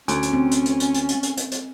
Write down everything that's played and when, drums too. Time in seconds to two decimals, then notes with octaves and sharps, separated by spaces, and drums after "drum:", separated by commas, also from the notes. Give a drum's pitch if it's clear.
0.08 D2 C#4 G#5, drum: hi-hat
0.23 drum: hi-hat
0.33 C4
0.51 drum: hi-hat
0.66 drum: hi-hat
0.80 drum: hi-hat
0.94 drum: hi-hat
1.08 drum: hi-hat
1.23 drum: hi-hat
1.37 drum: hi-hat
1.51 drum: hi-hat